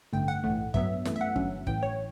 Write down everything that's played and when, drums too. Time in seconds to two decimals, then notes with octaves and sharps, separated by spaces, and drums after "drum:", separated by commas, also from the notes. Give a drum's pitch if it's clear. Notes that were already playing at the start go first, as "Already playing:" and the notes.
0.13 A1 G2 D3 A3 G5
0.28 F#5
0.44 B1 A2 E3 A3
0.74 G2 F#3 B3 E5, drum: kick
1.05 F#2 E3 A3, drum: snare
1.16 E5
1.21 F#5
1.36 G1 G2 F#3 C#4, drum: kick
1.67 A1 A2 E3 G5, drum: kick
1.83 C#5